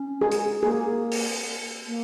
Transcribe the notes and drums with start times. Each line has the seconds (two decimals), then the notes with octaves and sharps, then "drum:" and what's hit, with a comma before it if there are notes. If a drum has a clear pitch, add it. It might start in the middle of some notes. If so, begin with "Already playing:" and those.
Already playing: C#4
0.21 G#4
0.32 drum: hi-hat
0.63 A#3 G#4
1.12 drum: open hi-hat
1.87 A#3